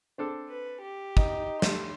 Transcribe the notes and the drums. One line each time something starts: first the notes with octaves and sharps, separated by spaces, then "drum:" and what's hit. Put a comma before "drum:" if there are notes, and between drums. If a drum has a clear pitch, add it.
C4 D4 A4
B4
G4
D#4, drum: kick
G3 A3 C6, drum: snare